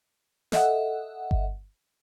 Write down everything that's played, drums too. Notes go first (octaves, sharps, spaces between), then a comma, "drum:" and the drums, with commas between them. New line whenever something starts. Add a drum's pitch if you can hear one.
A4 D#5 E5 F#5, drum: snare
drum: kick G1